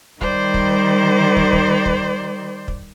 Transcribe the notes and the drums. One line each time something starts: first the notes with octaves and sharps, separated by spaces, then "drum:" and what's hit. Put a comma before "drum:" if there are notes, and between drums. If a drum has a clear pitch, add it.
D#3 G3 C5 D5, drum: kick
drum: kick
drum: kick
drum: kick
drum: kick
drum: kick